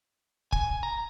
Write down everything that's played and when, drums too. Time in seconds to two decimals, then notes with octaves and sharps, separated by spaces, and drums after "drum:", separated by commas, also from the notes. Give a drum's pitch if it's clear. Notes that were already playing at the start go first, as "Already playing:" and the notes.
0.52 G#5, drum: kick
0.83 A#5